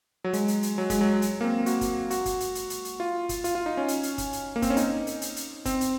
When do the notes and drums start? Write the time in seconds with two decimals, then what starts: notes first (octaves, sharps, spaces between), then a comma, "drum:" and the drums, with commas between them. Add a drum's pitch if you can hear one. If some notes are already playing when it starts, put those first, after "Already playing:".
0.24 F#3
0.33 G#3, drum: hi-hat
0.48 drum: hi-hat
0.63 drum: hi-hat
0.78 F#3
0.90 G#3, drum: kick, hi-hat
1.01 F#3
1.22 drum: hi-hat
1.41 A#3
1.44 C4
1.66 F#4, drum: hi-hat
1.81 drum: kick, hi-hat
2.11 F#4, drum: hi-hat
2.26 drum: kick, hi-hat
2.40 drum: hi-hat
2.55 drum: hi-hat
2.70 drum: hi-hat
2.85 drum: hi-hat
3.00 F4
3.29 drum: kick, hi-hat
3.44 F4, drum: hi-hat
3.55 F4
3.66 D#4
3.77 C#4
3.88 drum: hi-hat
4.03 drum: hi-hat
4.18 drum: kick, hi-hat
4.33 drum: hi-hat
4.56 A#3
4.62 C4, drum: kick, hi-hat
4.70 C#4
4.77 D#4, drum: hi-hat
5.07 drum: hi-hat
5.22 drum: hi-hat
5.36 drum: hi-hat
5.65 C4, drum: kick, hi-hat
5.81 drum: hi-hat